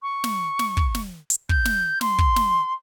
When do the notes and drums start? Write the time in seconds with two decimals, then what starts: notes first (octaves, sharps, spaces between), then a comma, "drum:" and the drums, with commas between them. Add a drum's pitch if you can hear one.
0.02 C#6
0.24 drum: snare
0.59 drum: snare
0.77 drum: kick
0.95 drum: snare
1.30 drum: hi-hat
1.49 G6, drum: kick
1.65 drum: snare
2.01 C6, drum: snare
2.18 drum: kick
2.36 drum: snare